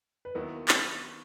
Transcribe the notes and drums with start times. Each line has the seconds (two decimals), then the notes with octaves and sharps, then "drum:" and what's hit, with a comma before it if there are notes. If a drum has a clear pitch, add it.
0.25 B4
0.35 D#2 D#3 F#3 B3 E4 A#4
0.68 drum: clap